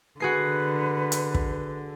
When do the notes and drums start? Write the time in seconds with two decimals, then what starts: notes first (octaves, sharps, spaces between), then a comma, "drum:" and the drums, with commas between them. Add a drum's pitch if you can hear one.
0.20 D3 F#4 G#4 B4 C7
1.12 drum: hi-hat
1.35 drum: kick